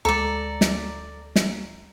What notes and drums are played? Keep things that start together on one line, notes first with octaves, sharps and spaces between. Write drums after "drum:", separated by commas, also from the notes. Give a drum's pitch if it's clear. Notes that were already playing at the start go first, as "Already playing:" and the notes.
D2 G#3 A4 D5 A#5
drum: snare
drum: snare